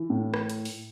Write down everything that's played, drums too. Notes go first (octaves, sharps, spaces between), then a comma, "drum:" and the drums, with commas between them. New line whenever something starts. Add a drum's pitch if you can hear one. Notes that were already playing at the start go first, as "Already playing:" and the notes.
Already playing: E3
A2
drum: rim click
drum: hi-hat
drum: open hi-hat